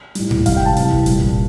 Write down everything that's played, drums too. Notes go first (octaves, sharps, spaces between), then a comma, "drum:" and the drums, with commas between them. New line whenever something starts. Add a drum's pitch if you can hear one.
A2 G3, drum: hi-hat
drum: tom G#2
C3 G3 F5, drum: kick F#1, hi-hat
G5
A5
C3 E3 G3, drum: hi-hat
drum: kick F#1
A#2 G3, drum: hi-hat
drum: kick F#1